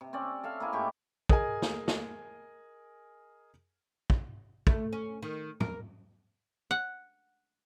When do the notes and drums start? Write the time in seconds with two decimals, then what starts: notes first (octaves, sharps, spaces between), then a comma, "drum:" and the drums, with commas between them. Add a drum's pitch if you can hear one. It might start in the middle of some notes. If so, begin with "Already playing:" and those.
0.01 C3
0.13 C4 C#4 D5
0.43 A4 E5 F5
0.60 A#3 E4 G#4
0.73 G#2 A3 G4 C#6
1.29 G#4 A#4 D#5 G#5, drum: kick
1.62 drum: snare
1.88 drum: snare
4.10 drum: kick
4.67 A3, drum: kick
4.93 C#4
5.23 D#3
5.60 A#4, drum: tom
6.71 F#5